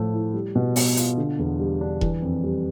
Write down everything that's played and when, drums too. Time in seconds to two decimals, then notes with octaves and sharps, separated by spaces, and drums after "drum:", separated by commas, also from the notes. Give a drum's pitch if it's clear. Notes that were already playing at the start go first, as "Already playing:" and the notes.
Already playing: A2 F3 A3
0.14 E4
0.34 G3
0.56 B2
0.76 B3, drum: open hi-hat
0.97 F4, drum: hi-hat
1.17 D3
1.39 E2
1.59 G3
1.81 D4
2.01 E3, drum: kick E1
2.22 F2
2.44 G3